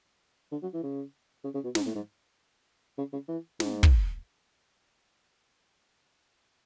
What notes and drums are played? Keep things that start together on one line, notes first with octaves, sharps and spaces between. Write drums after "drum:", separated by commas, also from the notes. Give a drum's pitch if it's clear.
D3
F#3
E3
C#3
C#3
C#3
B2
G#2, drum: snare
A2
G#2
C#3
C#3
E3
G#2, drum: snare
drum: kick